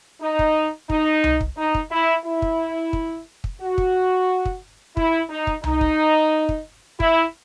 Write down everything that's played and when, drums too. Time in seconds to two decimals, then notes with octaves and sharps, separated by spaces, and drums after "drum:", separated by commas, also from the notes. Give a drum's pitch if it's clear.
0.22 D#4
0.39 drum: kick
0.90 D#4, drum: kick
1.24 drum: tom C2
1.41 drum: kick
1.57 D#4
1.75 drum: kick
1.91 E4
2.25 E4
2.42 drum: kick
2.93 drum: kick
3.44 drum: kick
3.61 F#4
3.78 drum: kick
4.45 drum: kick
4.97 E4, drum: kick
5.30 D#4
5.47 drum: kick
5.64 D#4, drum: tom C2
5.81 drum: kick
6.49 drum: kick
7.00 E4, drum: kick